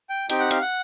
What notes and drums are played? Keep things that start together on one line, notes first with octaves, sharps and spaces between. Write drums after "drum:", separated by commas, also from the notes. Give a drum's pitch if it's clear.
G5
C4 D#4 G4 G5, drum: hi-hat
F#5
F5, drum: hi-hat
F#5